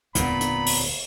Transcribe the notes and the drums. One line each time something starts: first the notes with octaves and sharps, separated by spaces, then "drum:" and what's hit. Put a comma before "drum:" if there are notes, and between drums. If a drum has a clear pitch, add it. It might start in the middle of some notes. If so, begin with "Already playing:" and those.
E1 D2 A#2 B3 C4 A#5 B5, drum: hi-hat
drum: hi-hat
drum: open hi-hat